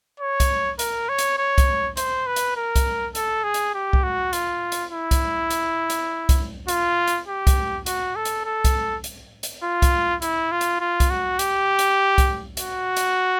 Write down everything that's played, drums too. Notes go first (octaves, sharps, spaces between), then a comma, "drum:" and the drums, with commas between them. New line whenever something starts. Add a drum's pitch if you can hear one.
C#5
drum: kick C2, hi-hat
A#4, drum: hi-hat
C#5
drum: hi-hat
C#5
drum: kick C2, hi-hat
C5, drum: hi-hat
B4
drum: hi-hat
A#4
drum: kick C2, hi-hat
A4, drum: hi-hat
G#4
drum: hi-hat
G4
drum: kick C2
F#4
F4, drum: hi-hat
drum: hi-hat
E4
drum: kick C2, hi-hat
drum: hi-hat
drum: hi-hat
drum: kick C2, hi-hat
F4, drum: hi-hat
drum: hi-hat
G4
drum: kick C2, hi-hat
F#4, drum: hi-hat
A4
drum: hi-hat
A4
drum: kick C2, hi-hat
drum: hi-hat
drum: hi-hat
F4
drum: kick C2, hi-hat
E4, drum: hi-hat
F4
drum: hi-hat
F4
drum: kick C2, hi-hat
F#4
G4, drum: hi-hat
drum: hi-hat
drum: kick C2, hi-hat
F#4, drum: hi-hat
drum: hi-hat